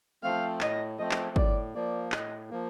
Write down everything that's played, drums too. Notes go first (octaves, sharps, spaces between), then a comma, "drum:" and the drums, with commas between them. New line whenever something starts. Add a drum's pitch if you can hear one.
F3 A3 C4 F5
A2 D#5, drum: clap
F3 A3 C4 D#5
drum: clap
A2 D5, drum: kick
F3 A#3 D5
A2 D#5, drum: clap
F3 A#3